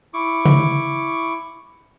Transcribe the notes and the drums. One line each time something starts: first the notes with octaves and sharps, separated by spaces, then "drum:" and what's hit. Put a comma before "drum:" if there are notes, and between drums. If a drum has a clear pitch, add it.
E4 C#6 D6
drum: tom C#3